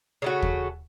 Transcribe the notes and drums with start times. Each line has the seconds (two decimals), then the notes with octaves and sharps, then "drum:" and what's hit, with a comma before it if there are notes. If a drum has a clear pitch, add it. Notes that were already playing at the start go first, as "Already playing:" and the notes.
0.22 C#3 A3 F#4
0.42 drum: kick